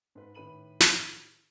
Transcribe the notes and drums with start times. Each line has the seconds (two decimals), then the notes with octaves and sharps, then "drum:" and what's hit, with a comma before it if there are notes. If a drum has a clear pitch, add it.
0.15 G#2 B4
0.34 A2 D#3 B4 B5 D#7 F#7
0.80 drum: snare